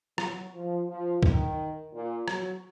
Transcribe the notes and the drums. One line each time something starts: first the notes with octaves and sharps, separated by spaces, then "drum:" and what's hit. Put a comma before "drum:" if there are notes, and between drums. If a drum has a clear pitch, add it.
F#3, drum: rim click
F3
F3
D#3, drum: kick
A#2
F#3, drum: rim click